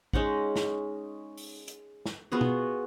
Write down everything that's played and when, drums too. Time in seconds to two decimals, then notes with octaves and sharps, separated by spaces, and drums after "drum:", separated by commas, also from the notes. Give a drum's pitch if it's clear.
0.13 G#3 C#4 D#4 F#5, drum: kick
0.56 drum: snare
1.37 drum: open hi-hat
1.68 drum: hi-hat
2.06 drum: snare
2.32 B3 F4 F#4 G#4
2.41 drum: tom